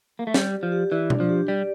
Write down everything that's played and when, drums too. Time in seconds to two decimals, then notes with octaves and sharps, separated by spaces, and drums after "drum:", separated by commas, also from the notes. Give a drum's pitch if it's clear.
0.19 A#3
0.27 A3
0.34 G3 G4, drum: snare
0.53 D5
0.63 F3
0.72 G4
0.91 E3 D5
1.10 D4, drum: tom B2
1.20 F3
1.29 G4
1.48 G3 D5